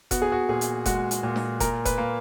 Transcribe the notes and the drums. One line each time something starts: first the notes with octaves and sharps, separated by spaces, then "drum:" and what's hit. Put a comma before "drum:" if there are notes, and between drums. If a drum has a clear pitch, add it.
B3 F#4, drum: kick F1, hi-hat
G#4
F#4
A#2 G#4
drum: hi-hat
G#3 F#4, drum: kick F1, hi-hat
drum: hi-hat
A#2
drum: snare
A#2 A#4, drum: kick F1, hi-hat
B4, drum: kick F1, hi-hat
A#3